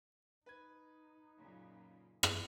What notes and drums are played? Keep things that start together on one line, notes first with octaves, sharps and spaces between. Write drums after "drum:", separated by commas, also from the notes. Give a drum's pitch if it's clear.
D#4 B4 G#6
F#2 A#2 C#3
drum: rim click